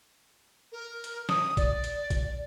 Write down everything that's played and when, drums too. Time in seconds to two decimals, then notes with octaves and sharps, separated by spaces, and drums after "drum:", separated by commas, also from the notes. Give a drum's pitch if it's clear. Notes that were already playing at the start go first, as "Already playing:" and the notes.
0.72 A#4
1.04 drum: hi-hat
1.29 D#6, drum: snare
1.57 D5, drum: kick A#1, hi-hat
1.84 drum: hi-hat
2.10 drum: kick A#1, hi-hat